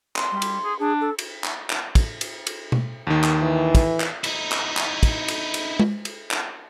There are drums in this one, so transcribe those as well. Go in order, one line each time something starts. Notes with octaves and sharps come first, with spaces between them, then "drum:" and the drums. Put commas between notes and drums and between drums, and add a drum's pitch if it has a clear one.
C6, drum: clap
G3
drum: cymbal
G#4
D4 G#4
A4
drum: cymbal
drum: clap
drum: clap
drum: kick, cymbal
drum: cymbal
drum: cymbal
drum: tom B2
D#2 D#3
drum: clap
E3
drum: kick, cymbal
drum: clap
D#4 E4, drum: cymbal
drum: clap
drum: clap
drum: kick, cymbal
drum: cymbal
drum: cymbal
drum: tom G#3
drum: cymbal
drum: clap